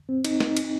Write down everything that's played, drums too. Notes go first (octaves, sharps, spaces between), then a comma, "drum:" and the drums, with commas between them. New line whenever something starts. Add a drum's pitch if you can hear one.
C4
D#4, drum: cymbal
D#4, drum: snare
drum: cymbal